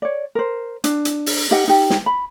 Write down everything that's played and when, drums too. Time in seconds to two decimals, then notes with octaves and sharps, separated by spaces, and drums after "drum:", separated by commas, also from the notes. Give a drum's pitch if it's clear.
0.02 C#5 D5
0.35 A#4 C5
0.84 D4, drum: hi-hat
1.05 drum: hi-hat
1.26 drum: open hi-hat
1.51 D#4 G4 D#5 F#5
1.68 D#4 G4
1.90 drum: snare
2.06 B5